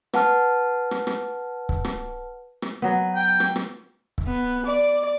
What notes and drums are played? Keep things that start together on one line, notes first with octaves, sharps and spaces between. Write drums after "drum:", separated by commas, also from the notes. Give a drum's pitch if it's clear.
B4 F#5 A5 F6, drum: rim click
drum: rim click
drum: rim click
drum: kick C#1
drum: rim click
drum: rim click
F#3 B3
G5
drum: rim click
drum: rim click
drum: kick C#1
B3
D5